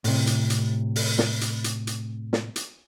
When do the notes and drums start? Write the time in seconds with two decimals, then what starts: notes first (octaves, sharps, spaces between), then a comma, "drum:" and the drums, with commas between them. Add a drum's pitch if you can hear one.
0.04 A2 C3, drum: open hi-hat
0.27 drum: hi-hat
0.50 drum: hi-hat
0.96 drum: open hi-hat
1.18 drum: snare
1.41 drum: hi-hat
1.64 drum: hi-hat
1.87 drum: hi-hat
2.33 drum: snare
2.56 drum: hi-hat